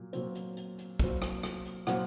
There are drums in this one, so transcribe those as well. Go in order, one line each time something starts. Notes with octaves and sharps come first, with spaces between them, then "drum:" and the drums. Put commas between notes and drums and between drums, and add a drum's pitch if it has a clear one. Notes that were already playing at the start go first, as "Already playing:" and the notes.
Already playing: A#2 F#3
A#2 F#3 C4, drum: hi-hat
drum: hi-hat
drum: hi-hat
drum: hi-hat
A#2 F#3 C4, drum: kick, hi-hat
drum: rim click
drum: rim click
drum: hi-hat
A#2 F#3 C4 F#5, drum: rim click